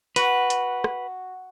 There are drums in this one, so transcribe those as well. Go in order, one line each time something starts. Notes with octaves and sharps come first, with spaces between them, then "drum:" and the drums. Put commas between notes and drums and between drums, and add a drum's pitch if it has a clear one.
F#4 B4, drum: hi-hat
drum: hi-hat
drum: rim click